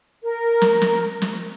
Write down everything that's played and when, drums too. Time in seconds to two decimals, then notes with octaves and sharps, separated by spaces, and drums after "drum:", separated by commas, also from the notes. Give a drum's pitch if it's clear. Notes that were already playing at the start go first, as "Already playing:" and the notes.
0.21 A#4
0.62 drum: snare
0.82 drum: snare
1.22 drum: snare